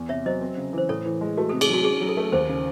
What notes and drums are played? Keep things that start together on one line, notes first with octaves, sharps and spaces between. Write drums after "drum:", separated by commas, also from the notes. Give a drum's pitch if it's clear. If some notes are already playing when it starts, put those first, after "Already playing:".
Already playing: E2
C3 C#5 E5
F#3 C5 D#5
C4
C#3
E3 C5
A2 A4 C#5
E3
G#3
A3 F#4
A4
C3
G#4, drum: cymbal
F#3 F#4
C#4 G#4
F#3
A4
A3
D#2 C5
C#3